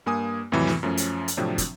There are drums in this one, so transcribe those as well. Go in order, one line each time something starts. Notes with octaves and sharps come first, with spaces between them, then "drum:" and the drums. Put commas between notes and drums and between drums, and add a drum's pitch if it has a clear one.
G2 A#3 G#5 D#6
F2 A2 C3 E3 F#3
drum: snare
F#2 F3 A3 C#4
drum: hi-hat
drum: hi-hat
A2 C3 F3 F#3 C4 D4
drum: kick, hi-hat